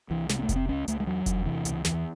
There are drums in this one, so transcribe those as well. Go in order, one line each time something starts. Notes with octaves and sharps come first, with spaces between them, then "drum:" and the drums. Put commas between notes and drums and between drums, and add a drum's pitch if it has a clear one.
C2 E3
C3 G#3, drum: snare
C4
A3
C3, drum: kick F1, hi-hat
C4
C#2 C#4
C#2 A3, drum: hi-hat
G#3
E2 F#3
E2, drum: kick F1, hi-hat
C3 E3
C#2, drum: hi-hat
E2 E3, drum: snare